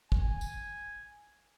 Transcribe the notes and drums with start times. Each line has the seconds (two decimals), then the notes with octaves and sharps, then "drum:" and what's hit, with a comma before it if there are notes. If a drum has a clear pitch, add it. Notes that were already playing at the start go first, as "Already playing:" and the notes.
0.12 G#5, drum: kick
0.41 drum: tambourine